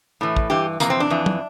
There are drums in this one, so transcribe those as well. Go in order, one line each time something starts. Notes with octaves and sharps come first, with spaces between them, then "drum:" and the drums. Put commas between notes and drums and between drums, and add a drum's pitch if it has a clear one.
A2 E3
drum: kick
G2 E3 G4
F2 C3 E3 A#3, drum: hi-hat
C4
D4
F2 E3
drum: tom